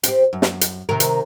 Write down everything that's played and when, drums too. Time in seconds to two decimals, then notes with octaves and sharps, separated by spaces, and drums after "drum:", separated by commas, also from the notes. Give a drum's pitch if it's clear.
0.03 C4 G4, drum: hi-hat
0.33 F#2
0.42 drum: snare
0.61 drum: hi-hat
0.89 C3 D#3 A#4
1.00 drum: hi-hat